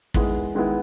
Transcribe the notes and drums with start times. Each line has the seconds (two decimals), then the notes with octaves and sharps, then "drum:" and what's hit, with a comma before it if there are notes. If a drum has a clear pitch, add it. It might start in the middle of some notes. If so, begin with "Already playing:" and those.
0.14 D#3 G#3 B3 E4, drum: kick
0.55 D#3 G#3 B3 E4